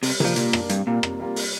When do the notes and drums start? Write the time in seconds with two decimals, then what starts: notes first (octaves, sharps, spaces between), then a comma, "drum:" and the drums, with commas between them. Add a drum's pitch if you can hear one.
0.03 C3 G3, drum: open hi-hat
0.20 F3 A#3 D4, drum: tom C3
0.36 A#2 G3, drum: hi-hat
0.53 A#3 D4, drum: rim click
0.69 G2 C3, drum: hi-hat
0.87 A#2 G3 A#3 F4
1.03 C3, drum: rim click
1.20 G3 A#3 F4
1.36 G3, drum: open hi-hat